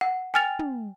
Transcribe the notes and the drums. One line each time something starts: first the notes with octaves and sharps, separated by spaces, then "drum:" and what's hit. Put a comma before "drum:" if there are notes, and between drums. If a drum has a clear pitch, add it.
F#5
G5 G#5 F6 A6 F7
drum: tom